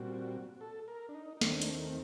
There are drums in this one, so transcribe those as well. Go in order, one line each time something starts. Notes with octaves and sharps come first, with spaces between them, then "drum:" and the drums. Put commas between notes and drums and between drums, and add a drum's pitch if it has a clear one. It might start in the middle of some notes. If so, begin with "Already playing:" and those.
Already playing: A#2 G3 C4 F#4
A4
A#4
D4
D#4
D#4
D#2 D#3 A3 C4 D4, drum: snare
drum: hi-hat
C4